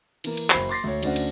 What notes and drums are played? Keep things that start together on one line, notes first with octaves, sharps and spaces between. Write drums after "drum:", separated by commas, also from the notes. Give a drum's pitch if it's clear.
E3 A#3, drum: cymbal
drum: cymbal
F#1 C5 B5 C7, drum: clap
C6 D6 A6 A#6 C7
D2 C#5
D2 C#4 D4 C5 F#5, drum: cymbal
drum: cymbal